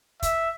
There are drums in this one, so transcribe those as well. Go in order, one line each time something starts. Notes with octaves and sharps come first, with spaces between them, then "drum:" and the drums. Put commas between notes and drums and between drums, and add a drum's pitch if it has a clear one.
E5, drum: kick, hi-hat